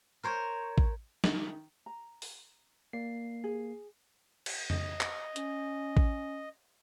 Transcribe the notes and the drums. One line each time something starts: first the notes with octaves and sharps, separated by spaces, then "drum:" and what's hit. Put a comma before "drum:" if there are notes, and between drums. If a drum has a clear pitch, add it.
A#4 C5 C#5
drum: kick A1
D#3, drum: snare
A#5
drum: open hi-hat
A#3 D5 C7
G#4
drum: cymbal
D#5, drum: tom F2
drum: clap
C#4, drum: hi-hat
drum: kick A1